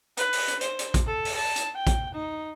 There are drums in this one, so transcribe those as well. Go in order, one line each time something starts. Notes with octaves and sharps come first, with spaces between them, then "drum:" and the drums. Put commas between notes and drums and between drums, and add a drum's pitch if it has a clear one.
B4, drum: hi-hat
drum: open hi-hat
drum: hi-hat
C5, drum: hi-hat
drum: hi-hat
drum: kick A#1, hi-hat
A4
drum: open hi-hat
A5
drum: hi-hat
G5
drum: kick A#1, hi-hat
D#4